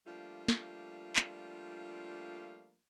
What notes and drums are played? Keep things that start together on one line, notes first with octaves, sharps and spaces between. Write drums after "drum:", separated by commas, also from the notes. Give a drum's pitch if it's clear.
F3 G3 A3 A#3 D4 F4
drum: snare
drum: clap